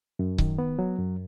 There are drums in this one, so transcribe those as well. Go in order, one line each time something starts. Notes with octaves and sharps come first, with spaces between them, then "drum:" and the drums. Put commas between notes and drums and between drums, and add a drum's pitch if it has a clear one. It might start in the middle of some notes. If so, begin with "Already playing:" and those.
F#2
D#3, drum: kick C#1
B3
F#3
F#2